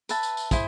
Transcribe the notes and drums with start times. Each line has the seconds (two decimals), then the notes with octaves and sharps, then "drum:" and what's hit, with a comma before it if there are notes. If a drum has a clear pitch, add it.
0.09 B4 E5 A5, drum: tambourine
0.23 drum: tambourine
0.37 drum: tambourine
0.51 E4 G#4 C5, drum: kick, tambourine